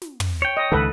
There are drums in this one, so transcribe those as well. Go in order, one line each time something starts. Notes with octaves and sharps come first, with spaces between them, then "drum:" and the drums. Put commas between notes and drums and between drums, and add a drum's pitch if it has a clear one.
drum: snare
drum: tom
C#5 G5
D#5
C#2 D#3 A4 B4